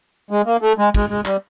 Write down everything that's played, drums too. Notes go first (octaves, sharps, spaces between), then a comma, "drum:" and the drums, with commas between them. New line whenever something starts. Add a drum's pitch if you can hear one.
G#3
A#3
A3
G#3
G#3, drum: kick
G#3
G3, drum: clap